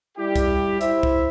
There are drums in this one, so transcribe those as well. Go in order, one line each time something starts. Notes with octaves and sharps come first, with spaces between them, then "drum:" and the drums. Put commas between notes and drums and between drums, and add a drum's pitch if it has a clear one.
G3 E4 G4
drum: kick C2, hi-hat
E4 C5 E5, drum: hi-hat
drum: kick C2